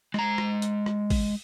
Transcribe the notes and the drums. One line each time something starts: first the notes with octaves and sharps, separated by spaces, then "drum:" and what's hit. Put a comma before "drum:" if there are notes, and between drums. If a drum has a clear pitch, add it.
G#3 A#5, drum: rim click
drum: rim click
drum: hi-hat
drum: rim click
drum: kick, open hi-hat